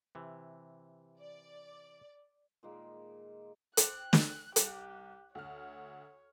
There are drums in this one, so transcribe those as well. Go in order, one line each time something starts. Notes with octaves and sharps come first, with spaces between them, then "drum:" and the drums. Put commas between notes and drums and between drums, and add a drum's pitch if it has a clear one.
C3 E3
D5
A#2 D#3 G#3 A#3
C5 G5 F#6, drum: hi-hat
drum: snare
C2 G4 F#6, drum: hi-hat
D2 C#5 F6